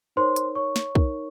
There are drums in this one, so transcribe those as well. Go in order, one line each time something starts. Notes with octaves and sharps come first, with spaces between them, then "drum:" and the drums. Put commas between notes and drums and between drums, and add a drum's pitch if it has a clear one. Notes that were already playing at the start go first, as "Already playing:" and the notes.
D#4 A#4 C5 C#5 C6
drum: hi-hat
C#5 C#6
drum: snare
D#4 A#4 C#5, drum: kick